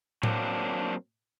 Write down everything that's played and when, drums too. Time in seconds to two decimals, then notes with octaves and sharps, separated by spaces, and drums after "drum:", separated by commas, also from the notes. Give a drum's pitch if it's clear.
0.23 F#3 A#3 C4 D4, drum: tom A2